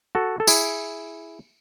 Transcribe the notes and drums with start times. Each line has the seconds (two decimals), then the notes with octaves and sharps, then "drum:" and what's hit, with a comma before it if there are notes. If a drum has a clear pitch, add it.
0.15 F#4 A4
0.40 A4
0.47 E4 G#4, drum: tambourine